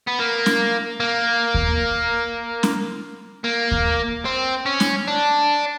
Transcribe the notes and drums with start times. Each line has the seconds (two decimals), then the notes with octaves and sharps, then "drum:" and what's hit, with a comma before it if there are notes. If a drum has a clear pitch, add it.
0.07 B3
0.19 A#3
0.46 drum: snare
1.00 A#3
1.54 drum: kick D#2
2.63 drum: snare
3.44 A#3
3.72 drum: kick D#2
4.25 C4
4.66 C#4
4.80 drum: snare
5.08 D4